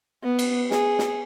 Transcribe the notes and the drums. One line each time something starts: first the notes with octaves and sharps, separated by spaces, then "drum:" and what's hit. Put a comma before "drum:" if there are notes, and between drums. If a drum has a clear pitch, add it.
B3
drum: cymbal
G#4, drum: snare
drum: snare